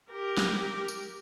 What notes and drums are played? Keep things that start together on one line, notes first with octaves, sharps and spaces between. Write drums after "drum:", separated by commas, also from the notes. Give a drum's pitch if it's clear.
G4 A#4
drum: snare
drum: tambourine